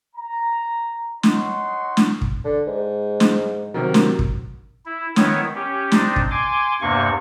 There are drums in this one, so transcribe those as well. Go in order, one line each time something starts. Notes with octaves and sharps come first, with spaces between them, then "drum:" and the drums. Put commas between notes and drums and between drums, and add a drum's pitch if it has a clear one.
A#5
D#4 C#5 D#5 F#5 C6, drum: snare
drum: snare
drum: kick
D3
G#2
drum: snare
C3 D#3 F#3 A#4
drum: snare
drum: kick
E4
D#3 B3 E4 C#5, drum: snare
C#4 G4
C4 D4 D#4, drum: snare
drum: kick
G#5 C6 D6
E2 G2 C3 A#3 C#6